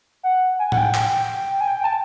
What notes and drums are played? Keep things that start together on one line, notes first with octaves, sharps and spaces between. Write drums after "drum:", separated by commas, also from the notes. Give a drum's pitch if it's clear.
F#5
G#5
F#5, drum: tom A2
G5
G5, drum: clap
G#5
G5
A5